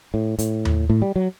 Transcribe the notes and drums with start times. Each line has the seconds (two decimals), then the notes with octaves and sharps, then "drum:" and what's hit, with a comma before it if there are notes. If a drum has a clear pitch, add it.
0.14 A2
0.39 A2, drum: hi-hat
0.65 drum: tom D#2
0.90 A2
1.02 G3
1.16 F#3